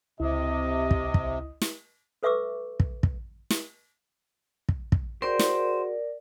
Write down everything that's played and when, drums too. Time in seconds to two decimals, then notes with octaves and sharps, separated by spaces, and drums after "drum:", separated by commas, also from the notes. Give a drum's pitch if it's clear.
0.20 C#2 C3 E4 D#5
0.91 drum: kick
1.14 drum: kick
1.61 drum: snare
2.23 A4 B4 E5 C#6 D6 E6
2.80 drum: kick
3.03 drum: kick
3.50 drum: snare
4.69 drum: kick
4.92 drum: kick
5.22 F#4 G#4 A#4 C5 D5 G5
5.39 drum: snare